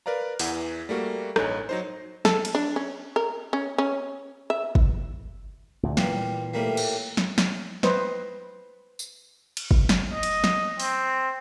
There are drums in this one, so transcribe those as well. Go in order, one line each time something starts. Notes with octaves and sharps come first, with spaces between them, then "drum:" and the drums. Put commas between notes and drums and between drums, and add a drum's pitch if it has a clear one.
A#4 B4 D5 F5 A#5
E2 E3 F#5, drum: open hi-hat
G3 A3 A#3 F#4
A1 G2 D#4 C#5 G#5 F#6, drum: rim click
F#3 D#4 C5
A4, drum: snare
drum: cymbal
D4
C#4
A#4
C#4
C#4
E5
drum: kick
D2 A#2
A#2 E3 G3 A#3, drum: snare
A2 G3 A#3
drum: cymbal
drum: snare
drum: snare
B4 C5 D#5, drum: snare
drum: tambourine
drum: cymbal
drum: kick
drum: snare
D#5
drum: cymbal
drum: snare
C4, drum: open hi-hat